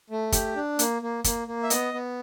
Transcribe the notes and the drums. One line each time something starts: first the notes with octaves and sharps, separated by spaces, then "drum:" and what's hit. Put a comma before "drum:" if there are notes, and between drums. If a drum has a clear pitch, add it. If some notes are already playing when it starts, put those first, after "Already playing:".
A3
G4, drum: kick, hi-hat
D4
A#3, drum: hi-hat
A#3
A#3, drum: kick, hi-hat
A#3
E5
B3 D#5, drum: hi-hat
B3